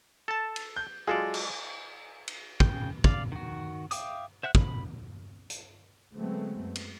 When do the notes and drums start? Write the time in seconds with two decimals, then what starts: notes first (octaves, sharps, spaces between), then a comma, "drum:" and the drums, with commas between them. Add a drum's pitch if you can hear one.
0.28 A4 A5
0.56 drum: cymbal
0.76 G6
1.07 F#3 G#3 F4 G#4 A4 D5
1.34 drum: cymbal
2.28 drum: cymbal
2.60 C#3 G5, drum: kick
3.04 D5 F5, drum: kick
3.32 D#3 F#4
3.91 E5 F5 G5 D6 D#6, drum: hi-hat
4.43 C5 E5 F#5 F#6
4.55 B5, drum: kick
5.50 drum: hi-hat
6.14 D3 F#3 G#3 A3 B3 C4
6.63 F#2
6.75 drum: cymbal